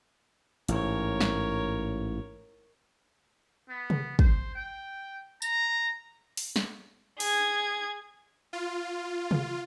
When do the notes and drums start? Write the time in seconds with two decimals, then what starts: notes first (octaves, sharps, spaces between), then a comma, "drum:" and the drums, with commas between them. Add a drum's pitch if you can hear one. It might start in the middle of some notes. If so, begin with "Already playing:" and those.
0.69 A1 G#2 A#4 C#5, drum: hi-hat
1.21 drum: snare
3.69 B3
3.90 drum: tom C3
4.19 C5, drum: kick
4.55 G5
5.42 A#5, drum: tambourine
6.37 drum: open hi-hat
6.56 drum: snare
7.20 G#4 G#6, drum: open hi-hat
8.53 F4
9.31 drum: tom C3